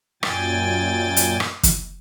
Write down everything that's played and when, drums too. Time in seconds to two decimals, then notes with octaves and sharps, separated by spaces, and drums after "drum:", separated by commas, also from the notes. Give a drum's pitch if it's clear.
0.23 F#2 A#2 G5 G#5 A6, drum: rim click
1.17 drum: hi-hat
1.40 drum: rim click
1.63 drum: kick, hi-hat